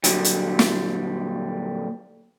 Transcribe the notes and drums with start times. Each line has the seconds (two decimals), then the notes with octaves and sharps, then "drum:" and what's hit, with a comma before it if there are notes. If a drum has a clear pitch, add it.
0.04 A#2 D3 F#3 G3, drum: hi-hat
0.24 drum: hi-hat
0.59 drum: snare